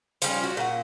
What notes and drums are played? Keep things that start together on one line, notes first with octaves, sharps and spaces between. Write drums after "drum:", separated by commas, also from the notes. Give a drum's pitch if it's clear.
F3 G3 C#4, drum: hi-hat
F#4
A#2 F#5